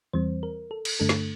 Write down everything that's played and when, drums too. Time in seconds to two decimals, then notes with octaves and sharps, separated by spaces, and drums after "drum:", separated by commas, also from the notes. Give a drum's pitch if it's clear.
0.13 E2 E3 G3 C4 C5
0.43 A#4
0.71 A4
0.85 drum: cymbal
1.00 G2 D3 A3 D4 A4
1.09 drum: snare